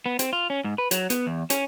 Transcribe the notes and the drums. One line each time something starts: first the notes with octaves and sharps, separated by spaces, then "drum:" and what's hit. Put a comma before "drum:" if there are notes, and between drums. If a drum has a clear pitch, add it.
B3
C4, drum: hi-hat
F4
C#4
G#2
B4
F#3, drum: hi-hat
B3, drum: hi-hat
E2
C#4, drum: hi-hat